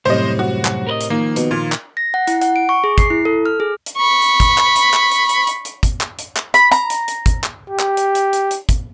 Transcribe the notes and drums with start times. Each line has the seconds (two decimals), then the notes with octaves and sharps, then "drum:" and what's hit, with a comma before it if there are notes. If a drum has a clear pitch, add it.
0.06 C2 F#2 A2 C3 C5 D#5
0.39 F#4
0.65 drum: clap
0.87 A#4 B4 D#5
1.01 drum: hi-hat
1.10 D#3 F3 A#3
1.36 B2, drum: hi-hat
1.51 A#2 F4
1.72 drum: clap
1.97 A#6
2.14 F#5
2.27 E4, drum: hi-hat
2.41 F#5, drum: hi-hat
2.56 D7
2.69 C#6
2.84 G#4
2.98 C7, drum: kick, hi-hat
3.10 E4
3.25 A4
3.46 F6
3.60 G#4
3.86 drum: hi-hat
3.97 B5 C#6
4.22 drum: hi-hat
4.40 drum: kick, hi-hat
4.58 drum: clap
4.76 drum: hi-hat
4.94 drum: clap
5.11 drum: hi-hat
5.29 drum: hi-hat
5.47 drum: hi-hat
5.65 drum: hi-hat
5.83 drum: kick, hi-hat
6.01 drum: clap
6.19 drum: hi-hat
6.37 drum: clap
6.54 B5, drum: hi-hat
6.72 A#5, drum: hi-hat
6.90 drum: hi-hat
7.08 drum: hi-hat
7.26 drum: kick, hi-hat
7.44 drum: clap
7.70 G4
7.79 drum: clap
7.97 drum: hi-hat
8.15 drum: hi-hat
8.33 drum: hi-hat
8.51 drum: hi-hat
8.69 drum: kick, hi-hat